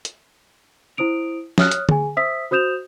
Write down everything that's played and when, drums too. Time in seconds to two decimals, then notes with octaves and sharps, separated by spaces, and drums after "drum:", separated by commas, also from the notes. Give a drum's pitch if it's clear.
0.05 drum: hi-hat
0.97 E4 C5 D#6 D7 F7
1.58 C#5 D#6 F6 F#6, drum: snare
1.71 drum: hi-hat
1.89 G#4 G#5, drum: tom D3
2.17 C5 E5 D#6 E6 B6
2.51 F#4 C5 D#6 G6 E7 F7